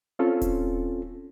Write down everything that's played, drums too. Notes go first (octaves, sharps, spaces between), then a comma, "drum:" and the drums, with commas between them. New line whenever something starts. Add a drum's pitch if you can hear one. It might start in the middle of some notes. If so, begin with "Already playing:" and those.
C4 C#4 F4 A4
drum: kick D#1, hi-hat